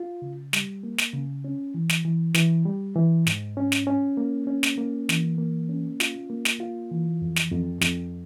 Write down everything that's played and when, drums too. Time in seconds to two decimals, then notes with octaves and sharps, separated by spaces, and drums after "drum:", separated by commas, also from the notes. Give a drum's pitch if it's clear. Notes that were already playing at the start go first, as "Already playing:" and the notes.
Already playing: F4
0.22 C#3
0.53 G3, drum: snare
0.83 A#3
0.98 drum: snare
1.13 C#3
1.45 C#4
1.74 E3
1.89 drum: snare
2.05 E3
2.34 E3, drum: snare
2.65 G3
2.96 E3
3.27 G#2, drum: snare
3.57 C#4
3.72 drum: snare
3.87 C#4
4.17 A#3
4.47 C#4
4.63 drum: snare
4.78 A#3
5.09 E3, drum: snare
5.38 A#3
5.69 C#4
6.00 F4, drum: snare
6.30 A#3
6.45 drum: snare
6.60 F4
6.91 E3
7.22 F2
7.36 drum: snare
7.51 F2
7.81 F2, drum: snare